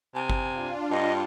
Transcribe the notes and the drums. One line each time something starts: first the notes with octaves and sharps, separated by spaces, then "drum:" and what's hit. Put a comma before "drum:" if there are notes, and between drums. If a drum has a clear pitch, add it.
C3 G#5
drum: kick G1
D4 F4
G2 D#5